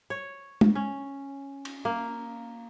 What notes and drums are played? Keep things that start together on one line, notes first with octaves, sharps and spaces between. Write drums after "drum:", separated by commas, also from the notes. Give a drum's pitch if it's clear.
C#5
drum: tom
C#4
drum: cymbal
A#3